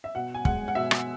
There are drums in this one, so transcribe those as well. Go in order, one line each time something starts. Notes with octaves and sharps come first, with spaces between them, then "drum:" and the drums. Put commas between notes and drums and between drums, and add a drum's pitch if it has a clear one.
E5
B2 F#5
G#5
G#3 F#5, drum: kick
F#5
B2 E5
drum: rim click